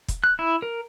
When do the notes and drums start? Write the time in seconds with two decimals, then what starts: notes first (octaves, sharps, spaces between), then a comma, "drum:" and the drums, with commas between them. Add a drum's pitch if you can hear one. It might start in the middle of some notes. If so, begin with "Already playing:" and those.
0.08 drum: kick, hi-hat
0.24 F#6
0.39 E4
0.62 A#4